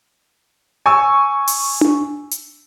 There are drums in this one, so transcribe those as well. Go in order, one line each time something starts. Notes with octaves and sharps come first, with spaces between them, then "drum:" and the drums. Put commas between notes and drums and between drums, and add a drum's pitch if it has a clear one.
G#5 C#6 E6
drum: open hi-hat
drum: tom D4
drum: hi-hat